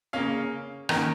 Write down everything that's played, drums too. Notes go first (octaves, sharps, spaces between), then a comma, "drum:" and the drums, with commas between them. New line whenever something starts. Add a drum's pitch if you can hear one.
C#3 A#3 C#4 F5
D#3 A#3 C#4 A#4, drum: rim click